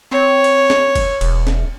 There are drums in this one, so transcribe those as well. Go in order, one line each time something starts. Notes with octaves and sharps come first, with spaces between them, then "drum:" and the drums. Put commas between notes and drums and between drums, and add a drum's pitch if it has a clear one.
C4 C#5
drum: cymbal
drum: snare
drum: kick, cymbal
E1, drum: cymbal
drum: snare